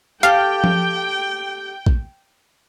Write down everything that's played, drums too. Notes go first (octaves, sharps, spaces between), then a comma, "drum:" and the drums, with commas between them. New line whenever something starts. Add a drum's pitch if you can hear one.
G4 A4 F5 G5, drum: hi-hat
drum: tom F3
drum: kick